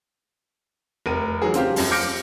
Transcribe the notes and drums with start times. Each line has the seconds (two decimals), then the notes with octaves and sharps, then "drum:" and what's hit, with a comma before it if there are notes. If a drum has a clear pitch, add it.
1.06 F1 A#4 D#7
1.42 E3 F#3 G#4
1.54 C#3 C4 F4 G4, drum: hi-hat
1.76 F#2 F3, drum: open hi-hat
1.91 D6 F6 G6 A#6 C#7 D7